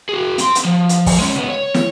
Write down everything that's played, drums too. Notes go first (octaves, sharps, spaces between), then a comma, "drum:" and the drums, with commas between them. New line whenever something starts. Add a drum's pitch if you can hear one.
F#4 G#4
C4 C6, drum: hi-hat
drum: hi-hat
F3
drum: hi-hat
drum: kick, open hi-hat
G#3 C#4
C#2 B3
C#5
drum: snare